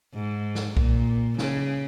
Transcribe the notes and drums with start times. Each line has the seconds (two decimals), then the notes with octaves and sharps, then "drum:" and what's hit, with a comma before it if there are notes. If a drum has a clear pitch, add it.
0.14 G#2
0.55 drum: snare
0.77 A#2, drum: kick
1.38 C#3, drum: snare